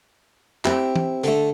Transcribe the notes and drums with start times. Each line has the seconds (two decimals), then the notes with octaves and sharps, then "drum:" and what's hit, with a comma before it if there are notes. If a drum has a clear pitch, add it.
0.65 C4 E4 G4, drum: clap
0.96 drum: tom
1.24 D3 A3, drum: hi-hat